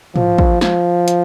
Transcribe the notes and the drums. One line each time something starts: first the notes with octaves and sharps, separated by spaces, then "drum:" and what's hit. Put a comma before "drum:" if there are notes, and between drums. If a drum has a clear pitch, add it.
F3, drum: tom
drum: kick
F3, drum: snare
drum: hi-hat